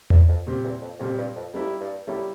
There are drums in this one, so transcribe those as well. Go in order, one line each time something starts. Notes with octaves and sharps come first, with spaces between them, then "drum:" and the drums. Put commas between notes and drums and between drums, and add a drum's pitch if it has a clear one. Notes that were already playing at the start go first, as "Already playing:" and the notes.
E2, drum: tom E2
F2
A#2 G3 C4 G4
E2
F2
F2 A#2 G3 C4 G4
G2
F2
F2 G3 A#3 E4 G4
G2
A2 G3 A#3 E4 G4